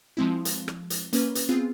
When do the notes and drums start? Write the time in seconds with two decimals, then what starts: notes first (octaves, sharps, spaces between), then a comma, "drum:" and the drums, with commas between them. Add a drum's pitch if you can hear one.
0.17 F3 G#3 C4 E4
0.45 drum: hi-hat
0.68 drum: rim click
0.90 drum: hi-hat
1.13 A#3 C#4 B4, drum: hi-hat
1.35 drum: hi-hat
1.49 B3 C4 F4 G#4